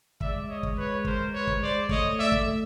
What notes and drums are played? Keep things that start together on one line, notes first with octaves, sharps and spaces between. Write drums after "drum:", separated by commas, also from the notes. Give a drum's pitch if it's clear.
G#3 D5 E5, drum: kick
C#5 D#5
drum: kick
B4 C#5
A#4 C5, drum: kick
B4 C#5
drum: kick
C5 D5
A3 C#5 D#5, drum: kick
D5 E5
A3, drum: kick